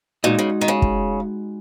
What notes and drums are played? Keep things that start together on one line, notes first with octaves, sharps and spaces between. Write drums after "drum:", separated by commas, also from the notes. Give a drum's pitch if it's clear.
A#2 G#3 D#4 F#4 D#5
C#3
D#3
C#3
drum: kick